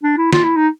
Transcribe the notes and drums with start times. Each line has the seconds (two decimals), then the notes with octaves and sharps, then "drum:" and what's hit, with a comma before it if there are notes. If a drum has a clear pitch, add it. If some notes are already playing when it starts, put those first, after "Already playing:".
0.03 D4
0.18 E4
0.33 F4, drum: snare
0.44 E4
0.56 D#4